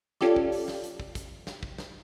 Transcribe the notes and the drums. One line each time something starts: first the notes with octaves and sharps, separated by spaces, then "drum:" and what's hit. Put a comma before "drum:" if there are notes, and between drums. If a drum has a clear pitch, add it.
C#4 F4 G4 A4 D5, drum: snare
drum: kick
drum: open hi-hat
drum: snare
drum: hi-hat
drum: kick
drum: kick, hi-hat
drum: snare
drum: kick
drum: snare